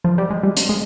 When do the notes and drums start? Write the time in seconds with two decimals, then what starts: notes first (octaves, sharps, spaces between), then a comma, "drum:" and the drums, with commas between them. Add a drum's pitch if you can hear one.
0.04 F3
0.18 G3
0.30 G#3
0.43 G3
0.57 drum: hi-hat
0.69 G#3